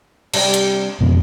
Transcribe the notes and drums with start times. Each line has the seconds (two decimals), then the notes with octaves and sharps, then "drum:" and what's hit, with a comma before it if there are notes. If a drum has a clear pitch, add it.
0.34 C3 G3 D4, drum: cymbal
0.54 drum: hi-hat
1.01 F2 B2